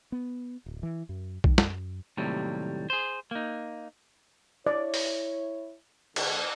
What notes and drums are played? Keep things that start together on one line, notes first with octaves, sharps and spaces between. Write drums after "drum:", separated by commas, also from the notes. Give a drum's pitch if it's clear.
B3
D1
E3
F#2
D#3, drum: kick B1
F#2, drum: snare
D#2 A2 C3 F#3 G3
G#4 C5
A#3 D#4
E4 C#5 D5
drum: open hi-hat
D3 G#3, drum: cymbal